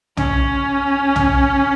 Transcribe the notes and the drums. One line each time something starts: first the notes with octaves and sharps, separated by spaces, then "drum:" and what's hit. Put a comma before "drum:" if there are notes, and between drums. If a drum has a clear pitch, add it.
C#4, drum: tom
drum: tom